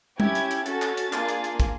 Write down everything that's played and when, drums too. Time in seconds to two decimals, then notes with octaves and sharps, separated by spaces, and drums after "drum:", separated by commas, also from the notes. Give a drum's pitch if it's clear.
0.20 C#4 E4 G4 G#6, drum: tom G3
0.35 drum: hi-hat
0.51 drum: hi-hat
0.66 C#4 F#4 A4 A6, drum: hi-hat
0.82 drum: clap
0.97 drum: hi-hat
1.13 A#3 D4 F4 G#4, drum: clap
1.28 drum: hi-hat
1.44 drum: hi-hat
1.60 drum: kick, hi-hat